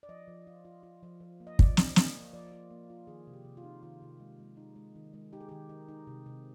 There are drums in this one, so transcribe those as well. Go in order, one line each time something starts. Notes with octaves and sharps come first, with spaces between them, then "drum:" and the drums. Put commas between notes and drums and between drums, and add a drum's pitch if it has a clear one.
D5
F3 D#5
F3
F4
F4
F4
F3
F3
A#3
D#5
F3 D5, drum: kick
F3, drum: snare
A#3, drum: snare
A#3
F3 D5
F4
A#3
F4
D#3 G#4
C3
G4
C3
F4
D#4
D#3 F4
C3
G#3
G#3
D#4
G#3
D#3
G#3
D#4 G4
G#4
D#3 G4
D#4
D#4
C3
C3